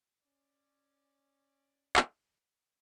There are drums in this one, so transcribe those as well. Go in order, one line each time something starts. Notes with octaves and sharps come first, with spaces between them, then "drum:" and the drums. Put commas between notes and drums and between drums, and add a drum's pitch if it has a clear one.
C#4 D5
drum: clap